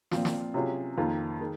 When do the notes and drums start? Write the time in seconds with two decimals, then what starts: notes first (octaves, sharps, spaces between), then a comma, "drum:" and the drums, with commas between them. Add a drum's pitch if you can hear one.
0.11 A#2 F3 C4 F4, drum: snare
0.25 drum: snare
0.54 C3 F#3 C#4 F4 G#4
0.97 F2 D#3 A#3 F4
1.41 D#3 G#3 A#4